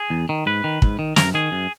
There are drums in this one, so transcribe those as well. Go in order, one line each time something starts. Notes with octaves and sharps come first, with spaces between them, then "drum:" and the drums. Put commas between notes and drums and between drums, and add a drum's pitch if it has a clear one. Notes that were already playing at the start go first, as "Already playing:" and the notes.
Already playing: G#4
E2
D#3
G#2 B4
D#3
G#2, drum: kick
D#3
F#2 A#4, drum: snare
D#3 G#4
F#2